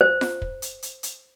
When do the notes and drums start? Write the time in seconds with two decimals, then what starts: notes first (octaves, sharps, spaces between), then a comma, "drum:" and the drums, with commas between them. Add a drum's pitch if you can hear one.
0.01 C5
0.21 drum: snare F4
0.42 drum: kick
0.62 drum: hi-hat
0.83 drum: hi-hat
1.03 drum: hi-hat